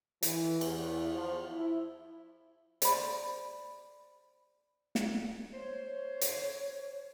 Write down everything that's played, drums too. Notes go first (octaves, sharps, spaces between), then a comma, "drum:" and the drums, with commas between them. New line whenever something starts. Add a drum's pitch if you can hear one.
E3, drum: hi-hat
E2, drum: cymbal
F3
E4
C5 D5 B5, drum: hi-hat
drum: snare
C5 C#5
drum: hi-hat